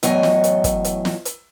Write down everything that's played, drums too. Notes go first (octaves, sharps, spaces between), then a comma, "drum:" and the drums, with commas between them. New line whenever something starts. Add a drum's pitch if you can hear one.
E2 A2 F#3 C#5 D#5 G#5, drum: hi-hat
drum: snare
drum: hi-hat
drum: kick, hi-hat
drum: hi-hat
drum: snare
drum: hi-hat